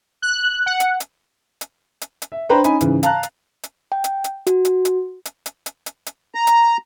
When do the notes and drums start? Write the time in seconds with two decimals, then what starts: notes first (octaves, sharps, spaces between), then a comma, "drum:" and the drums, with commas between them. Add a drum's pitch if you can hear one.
0.22 F#6
0.66 F#5
0.80 drum: hi-hat
1.00 drum: hi-hat
1.61 drum: hi-hat
2.01 drum: hi-hat
2.22 drum: hi-hat
2.32 E5
2.49 D4 B4 C5 G5 A#5
2.64 C#4 D#4 G#5 B5, drum: hi-hat
2.81 G#2 C#3 E3, drum: hi-hat
3.03 F5 A5 A#5 F#6, drum: hi-hat
3.23 drum: hi-hat
3.63 drum: hi-hat
3.92 G5
4.04 drum: hi-hat
4.24 drum: hi-hat
4.47 F#4, drum: hi-hat
4.65 drum: hi-hat
4.85 drum: hi-hat
5.25 drum: hi-hat
5.46 drum: hi-hat
5.66 drum: hi-hat
5.86 drum: hi-hat
6.06 drum: hi-hat
6.35 A#5
6.47 drum: hi-hat